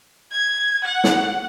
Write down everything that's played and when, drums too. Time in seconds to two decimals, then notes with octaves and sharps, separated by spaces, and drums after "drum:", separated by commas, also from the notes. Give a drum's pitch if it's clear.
0.32 G#6
0.84 F#5
1.04 drum: snare